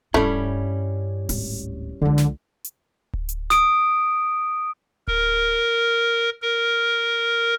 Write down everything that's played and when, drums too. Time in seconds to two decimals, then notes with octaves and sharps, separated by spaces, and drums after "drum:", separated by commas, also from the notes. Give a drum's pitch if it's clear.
0.14 G2 G3 A3 C#4 E4, drum: kick D1
1.29 D1 G#1, drum: open hi-hat
2.02 C#2 D3 F3
2.18 drum: snare
2.64 drum: hi-hat
3.13 drum: kick D1
3.29 drum: hi-hat
3.50 D#6 D7, drum: snare
5.08 A#4, drum: kick D1
6.42 A#4